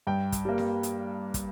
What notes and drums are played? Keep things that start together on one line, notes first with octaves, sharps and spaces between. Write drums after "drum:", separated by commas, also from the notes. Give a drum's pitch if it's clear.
G2 G5
drum: kick, hi-hat
G3 A#3
drum: snare C4
drum: hi-hat
drum: kick, hi-hat